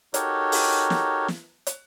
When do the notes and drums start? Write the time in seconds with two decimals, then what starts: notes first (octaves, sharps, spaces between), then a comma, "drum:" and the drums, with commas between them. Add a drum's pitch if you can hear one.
0.14 D#4 F#4 G4 A4 A#4 C#5, drum: hi-hat
0.52 drum: open hi-hat
0.90 drum: snare
1.28 drum: snare
1.67 drum: hi-hat